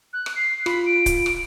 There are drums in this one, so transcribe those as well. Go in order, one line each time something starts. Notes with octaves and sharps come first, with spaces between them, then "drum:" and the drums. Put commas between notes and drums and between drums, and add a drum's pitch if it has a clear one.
F#6
drum: rim click
C7
F4 B5, drum: rim click
D7
drum: kick C#1, hi-hat
drum: rim click